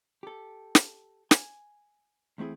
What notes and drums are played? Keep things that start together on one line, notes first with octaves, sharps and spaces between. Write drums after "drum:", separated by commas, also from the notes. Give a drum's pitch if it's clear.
G4 A4
drum: snare
G#5, drum: snare
E2 A3 C4 E4 G#4